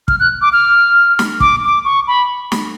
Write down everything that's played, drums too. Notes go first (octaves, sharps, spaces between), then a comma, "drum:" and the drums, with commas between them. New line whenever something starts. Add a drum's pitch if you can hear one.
F6, drum: kick
F#6
D6
F6
drum: snare
D6, drum: kick
D6
C#6
B5
drum: snare